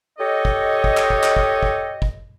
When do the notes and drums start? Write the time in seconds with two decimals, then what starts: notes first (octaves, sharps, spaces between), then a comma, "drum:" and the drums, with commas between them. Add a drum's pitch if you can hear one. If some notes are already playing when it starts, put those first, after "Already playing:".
0.19 G4 A4 C#5 D#5
0.45 drum: kick
0.84 drum: kick
0.97 drum: clap
1.10 drum: kick
1.23 drum: clap
1.36 drum: kick
1.63 drum: kick
2.02 drum: kick